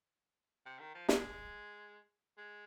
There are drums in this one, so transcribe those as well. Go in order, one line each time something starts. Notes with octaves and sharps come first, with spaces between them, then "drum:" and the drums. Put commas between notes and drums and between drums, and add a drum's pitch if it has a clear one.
C3
D#3
F3
G#3, drum: snare
G#3